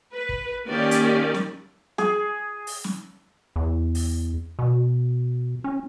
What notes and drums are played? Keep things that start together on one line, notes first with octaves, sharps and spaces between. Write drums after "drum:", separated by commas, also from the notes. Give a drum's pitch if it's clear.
B4
drum: kick
D#3 A#3 C#4 G4 D5
drum: hi-hat
drum: snare
G#4, drum: snare
drum: open hi-hat
drum: snare
E2
drum: open hi-hat
B2
C#4